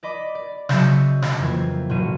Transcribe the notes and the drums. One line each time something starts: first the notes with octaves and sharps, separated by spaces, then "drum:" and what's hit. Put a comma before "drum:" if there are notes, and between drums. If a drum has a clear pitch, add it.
D5 D#5 B5 D6
D5
C#3 F#3 D#5 E5 G6 C#7, drum: snare
drum: snare
F2 E3 A#3 G#6
A1 B2 F#3 A#4 C#5 D#7